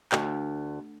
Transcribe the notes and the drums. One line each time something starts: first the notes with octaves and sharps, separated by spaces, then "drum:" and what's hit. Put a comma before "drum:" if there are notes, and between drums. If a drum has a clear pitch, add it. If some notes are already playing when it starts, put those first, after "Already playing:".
D2, drum: clap